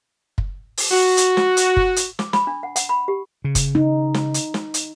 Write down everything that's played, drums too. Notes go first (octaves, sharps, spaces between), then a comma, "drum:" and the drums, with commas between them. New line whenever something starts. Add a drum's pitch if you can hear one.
drum: kick
drum: open hi-hat
F#4
drum: hi-hat
drum: snare
drum: hi-hat
drum: kick
drum: hi-hat
D6, drum: snare
B5, drum: snare
D4
F#5
F#5, drum: hi-hat
B5
G4
C#3
drum: kick, hi-hat
D#4
drum: snare
drum: hi-hat
drum: snare
drum: hi-hat